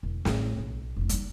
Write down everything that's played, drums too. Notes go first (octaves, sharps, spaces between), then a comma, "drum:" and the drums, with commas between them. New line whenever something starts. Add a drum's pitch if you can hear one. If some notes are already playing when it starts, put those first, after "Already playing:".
E1
A1 A3, drum: snare
B1
F1 A2
G3 D#4, drum: hi-hat